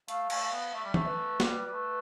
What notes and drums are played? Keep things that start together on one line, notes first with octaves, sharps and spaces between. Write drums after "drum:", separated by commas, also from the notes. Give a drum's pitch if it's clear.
A3 F5, drum: hi-hat
A3, drum: cymbal
F5
B3
A3 E5
G3
A3, drum: tom E3
B4
G3, drum: snare
G3
A3